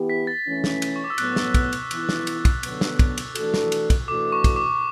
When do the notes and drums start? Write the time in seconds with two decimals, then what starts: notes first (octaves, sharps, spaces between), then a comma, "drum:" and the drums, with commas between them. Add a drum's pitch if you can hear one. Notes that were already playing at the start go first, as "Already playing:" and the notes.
Already playing: E3 B3 E4 G4
0.10 B6
0.27 A6
0.46 E3 A3 C#4
0.64 drum: snare
0.82 drum: cymbal
0.96 C#6
1.04 D6
1.10 E6
1.18 A2 F#3 B3 F#6, drum: cymbal
1.36 drum: snare
1.54 drum: kick, cymbal
1.73 drum: cymbal
1.91 E3 B3 E4, drum: cymbal
2.09 drum: snare
2.27 drum: cymbal
2.45 drum: kick, cymbal
2.63 D3 F#3 B3, drum: cymbal
2.81 drum: snare
2.99 drum: kick, cymbal
3.18 drum: cymbal
3.35 E3 A3 D4 F#4 A4, drum: cymbal
3.54 drum: snare
3.72 drum: cymbal
3.90 drum: kick, cymbal
4.08 E3 A3 D4 F#4 A4 D6
4.32 C#6
4.44 drum: kick, cymbal
4.56 D6